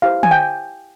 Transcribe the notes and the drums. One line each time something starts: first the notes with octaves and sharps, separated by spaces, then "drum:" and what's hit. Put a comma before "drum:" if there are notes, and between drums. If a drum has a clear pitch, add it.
E4 G4 C5 F5
G#5, drum: tom
G5